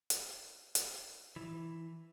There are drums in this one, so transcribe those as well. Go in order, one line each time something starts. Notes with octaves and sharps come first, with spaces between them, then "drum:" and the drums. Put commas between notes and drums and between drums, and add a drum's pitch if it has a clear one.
drum: hi-hat
drum: hi-hat
E3